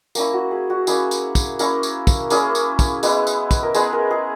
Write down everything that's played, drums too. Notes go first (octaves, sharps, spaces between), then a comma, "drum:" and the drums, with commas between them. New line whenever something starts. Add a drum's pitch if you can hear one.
A#3 C#4 E4 A#4, drum: tambourine
F#4
G#4
F#4
A#3 C#4 E4 G#4, drum: tambourine
drum: tambourine
drum: kick, tambourine
A#3 C#4 E4 A#4, drum: tambourine
drum: tambourine
drum: kick, tambourine
A#3 C#4 E4 G#4, drum: tambourine
drum: tambourine
drum: kick, tambourine
G#3 B3 E4, drum: tambourine
drum: tambourine
drum: kick, tambourine
A#4
G#3 B3 E4 G#4, drum: tambourine
A#4
G#4